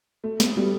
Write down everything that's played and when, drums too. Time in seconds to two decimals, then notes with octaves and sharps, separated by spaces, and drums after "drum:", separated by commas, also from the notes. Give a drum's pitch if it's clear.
0.24 A3
0.40 B3, drum: snare
0.57 G3